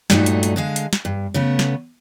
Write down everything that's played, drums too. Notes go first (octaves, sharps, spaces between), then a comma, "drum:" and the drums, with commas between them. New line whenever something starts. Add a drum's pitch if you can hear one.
G2 A#2 F#3 A3 D4 D#4, drum: snare
drum: hi-hat
drum: hi-hat
D3 G#3 F5
drum: hi-hat
drum: snare
G2
C#3 A3 B3
drum: snare